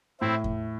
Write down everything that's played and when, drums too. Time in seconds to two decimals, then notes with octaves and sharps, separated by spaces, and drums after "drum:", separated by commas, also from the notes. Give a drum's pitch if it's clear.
0.21 A2 C4 E4
0.44 drum: kick E2